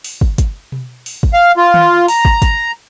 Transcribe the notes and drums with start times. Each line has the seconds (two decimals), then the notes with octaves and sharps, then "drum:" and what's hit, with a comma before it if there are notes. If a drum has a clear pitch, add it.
0.04 drum: open hi-hat
0.21 drum: kick
0.38 drum: kick, hi-hat
0.72 drum: tom B2
1.06 drum: open hi-hat
1.23 drum: kick
1.33 F5
1.57 F4
1.74 drum: tom D#3
2.08 A#5, drum: open hi-hat
2.25 drum: kick
2.42 drum: kick, hi-hat